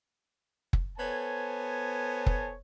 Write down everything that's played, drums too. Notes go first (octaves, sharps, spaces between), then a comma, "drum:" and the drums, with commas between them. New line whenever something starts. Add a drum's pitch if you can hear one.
drum: kick
B3 A4 C5 C#5 G#5 A5
drum: kick